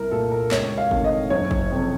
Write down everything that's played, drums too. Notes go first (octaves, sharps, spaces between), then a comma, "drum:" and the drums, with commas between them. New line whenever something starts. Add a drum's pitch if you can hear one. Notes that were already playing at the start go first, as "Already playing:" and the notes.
Already playing: C2 A#4
A#2 A3 A4
A#4
C#2 C#5, drum: clap
F5
C3 D#3 A3, drum: kick
D#5
F#1 C#5
drum: kick
F2 C3